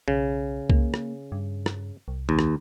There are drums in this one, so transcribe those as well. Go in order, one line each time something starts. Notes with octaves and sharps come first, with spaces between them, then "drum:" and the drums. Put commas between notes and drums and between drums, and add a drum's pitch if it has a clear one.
B1 C#3
A#3, drum: kick C2
drum: rim click
G2
drum: rim click
C2
D#2
drum: rim click